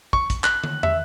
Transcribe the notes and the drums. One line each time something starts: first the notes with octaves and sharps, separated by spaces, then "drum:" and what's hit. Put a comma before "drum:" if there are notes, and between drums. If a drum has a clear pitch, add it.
C#6, drum: kick
drum: kick, hi-hat
F#6, drum: clap
drum: tom
E5, drum: tom